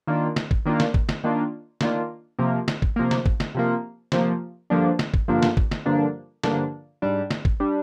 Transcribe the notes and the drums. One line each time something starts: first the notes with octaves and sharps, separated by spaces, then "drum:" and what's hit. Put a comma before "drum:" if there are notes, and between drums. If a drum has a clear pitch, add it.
D#3 A#3 D4 F4
drum: snare
drum: kick
D#3 A#3 D4 F4
drum: snare
drum: kick
drum: snare
D#3 A#3 D4 F4
D#3 A#3 D4 F4, drum: snare
C3 F3 A#3
drum: snare
drum: kick
C3 F3 A#3
drum: snare
drum: kick
drum: snare
C3 F3 A#3
C3 F3 A#3, drum: snare
G2 D3 F3 A#3 D4
drum: snare
drum: kick
G2 D3 F3 A#3 D4
drum: snare
drum: kick
drum: snare
G2 D3 F3 A#3 D4
G2 D3 F3 A#3 D4, drum: snare
G#2 G3 D4
drum: snare
drum: kick
G3 D4